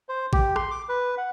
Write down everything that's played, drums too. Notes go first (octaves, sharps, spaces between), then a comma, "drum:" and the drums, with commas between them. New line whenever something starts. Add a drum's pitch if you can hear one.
C5
G4, drum: kick A1
C6, drum: rim click
D6
B4
F#5